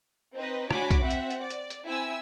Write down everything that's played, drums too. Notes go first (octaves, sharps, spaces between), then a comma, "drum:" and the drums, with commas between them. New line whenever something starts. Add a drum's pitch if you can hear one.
C4 D#4 B4 D#5
D4 F#4 C#5 G#5 B5 D6, drum: rim click
drum: kick B1, hi-hat
C4 E5 F#5
drum: hi-hat
drum: hi-hat
D5
drum: hi-hat
drum: hi-hat
C4 E4 G#5 E6